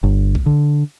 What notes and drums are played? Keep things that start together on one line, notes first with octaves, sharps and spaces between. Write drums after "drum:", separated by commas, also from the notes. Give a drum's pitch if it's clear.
G1
drum: kick A#1
D3